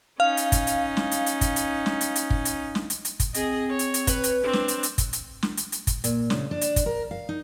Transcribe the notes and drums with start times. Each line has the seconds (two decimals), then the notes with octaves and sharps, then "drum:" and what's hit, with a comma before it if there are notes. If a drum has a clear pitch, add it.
0.20 C#4 D#4 F5
0.37 drum: hi-hat
0.52 drum: kick, hi-hat
0.67 drum: hi-hat
0.97 drum: snare
1.11 drum: hi-hat
1.26 drum: hi-hat
1.41 drum: kick, hi-hat
1.56 drum: hi-hat
1.86 drum: snare
2.01 drum: hi-hat
2.16 drum: hi-hat
2.30 drum: kick
2.45 drum: hi-hat
2.75 drum: snare
2.90 drum: hi-hat
3.05 drum: hi-hat
3.20 drum: kick, hi-hat
3.34 C4 G#4 D#5, drum: hi-hat
3.70 C#5
3.79 drum: hi-hat
3.94 drum: hi-hat
4.07 B4, drum: kick, hi-hat
4.24 drum: hi-hat
4.43 C4 D4
4.53 drum: snare
4.68 drum: hi-hat
4.83 drum: hi-hat
4.98 drum: kick, hi-hat
5.13 drum: hi-hat
5.43 drum: snare
5.57 drum: hi-hat
5.72 drum: hi-hat
5.87 drum: kick, hi-hat
6.04 A#2, drum: hi-hat
6.30 C#3, drum: snare
6.51 D4
6.61 drum: hi-hat
6.76 drum: kick, hi-hat
6.86 A#4
7.11 F5
7.29 D#4